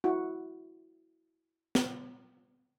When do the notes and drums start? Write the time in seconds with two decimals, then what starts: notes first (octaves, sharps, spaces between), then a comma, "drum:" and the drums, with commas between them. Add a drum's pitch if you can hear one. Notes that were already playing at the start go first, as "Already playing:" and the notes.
0.04 E4 F#4
1.75 drum: snare